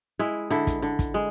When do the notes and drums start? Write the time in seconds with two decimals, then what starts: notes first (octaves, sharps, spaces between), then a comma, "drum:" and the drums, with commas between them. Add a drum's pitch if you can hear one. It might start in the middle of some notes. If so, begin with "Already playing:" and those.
0.19 G#3 E4
0.50 D3 E4
0.67 drum: kick, hi-hat
0.82 D3
0.99 drum: kick, hi-hat
1.14 G#3